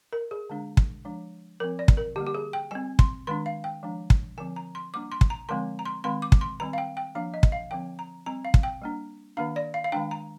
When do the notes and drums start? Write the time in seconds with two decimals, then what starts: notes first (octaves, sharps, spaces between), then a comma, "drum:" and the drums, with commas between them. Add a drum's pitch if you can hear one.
0.13 A#4
0.31 G#4
0.50 D3 G#3 D4
0.77 drum: kick
1.05 F3 G#3 D4
1.60 F3 C4 A#4
1.79 D5
1.88 drum: kick
1.97 A#4
2.16 D3 G3 A#3 G4
2.27 G4
2.34 G#4
2.53 G5
2.71 G3 C4 G#5
2.99 C6, drum: kick
3.27 D#3 G#3 D4 C6
3.46 F5
3.64 G5
3.83 F3 G#3 D4
4.10 drum: kick
4.38 D3 F3 C4 G#5
4.56 A#5
4.75 C6
4.94 G3 A#3 D4 D6
5.12 C6
5.21 drum: kick
5.30 A#5
5.49 D3 F3 G#3 C4 C6
5.79 A#5
5.86 C6
6.04 D#3 G#3 C4 C6
6.22 D6
6.32 drum: kick
6.41 C6
6.60 D#3 G3 C4 A#5
6.73 F5
6.78 G5
6.97 G5
7.15 F3 A#3 D4 F5
7.34 D#5
7.43 drum: kick
7.52 F5
7.71 D3 F3 C4 G5
7.99 A#5
8.26 G3 C4 A#5
8.45 F5
8.54 drum: kick
8.63 G5
8.82 G3 A#3 D4
9.37 D#3 A#3 D4 F5
9.56 D5
9.74 F5
9.84 F5
9.92 D#3 G#3 D4 G5
10.11 A#5